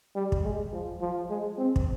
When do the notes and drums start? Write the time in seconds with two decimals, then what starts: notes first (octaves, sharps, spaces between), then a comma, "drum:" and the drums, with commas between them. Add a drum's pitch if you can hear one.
0.15 G3
0.32 drum: kick
0.44 G#3
0.73 F3
1.01 F3
1.30 G#3
1.58 C4
1.76 drum: kick